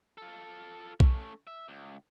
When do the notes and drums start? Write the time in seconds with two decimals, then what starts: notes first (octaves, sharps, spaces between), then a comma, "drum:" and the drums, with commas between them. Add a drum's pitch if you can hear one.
0.18 F4 A4
1.00 A3 C#4, drum: kick B1
1.47 E5
1.68 C#2